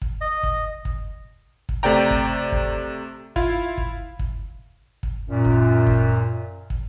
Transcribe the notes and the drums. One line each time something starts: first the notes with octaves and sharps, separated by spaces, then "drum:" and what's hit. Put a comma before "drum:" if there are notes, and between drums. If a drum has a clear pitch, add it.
drum: kick
D#5
drum: kick
drum: kick
drum: kick
C3 A3 D5 G5 A#5
drum: kick
drum: kick
E4 F4 F5, drum: kick
drum: kick
drum: kick
drum: kick
F#2 A#2
drum: kick
drum: kick
drum: kick